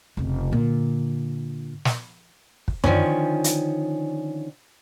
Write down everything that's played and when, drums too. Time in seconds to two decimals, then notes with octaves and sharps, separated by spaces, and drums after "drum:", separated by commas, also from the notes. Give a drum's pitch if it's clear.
0.17 F1 C#3
0.51 A#2 D3
1.85 drum: snare
2.68 drum: kick
2.84 D3 D#3 F3 C#4, drum: tom F#2
3.44 drum: hi-hat